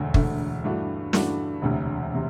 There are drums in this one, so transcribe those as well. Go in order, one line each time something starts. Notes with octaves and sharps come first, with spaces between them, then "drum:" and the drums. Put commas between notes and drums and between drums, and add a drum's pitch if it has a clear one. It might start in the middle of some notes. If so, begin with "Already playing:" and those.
Already playing: E1 D2 D3 A3
E1 D2 D3 A3, drum: kick
G2 E3 A3 D4 F#4
G2 E3 A3 D4 F#4, drum: snare
E1 D2 C3
C3